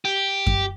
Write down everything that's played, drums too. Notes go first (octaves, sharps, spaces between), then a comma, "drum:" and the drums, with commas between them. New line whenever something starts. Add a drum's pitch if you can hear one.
G4
drum: kick F#2